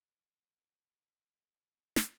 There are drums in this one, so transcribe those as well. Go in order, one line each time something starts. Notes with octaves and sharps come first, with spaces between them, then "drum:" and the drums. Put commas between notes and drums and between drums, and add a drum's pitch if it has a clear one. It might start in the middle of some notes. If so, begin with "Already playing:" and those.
A4 A#5
drum: snare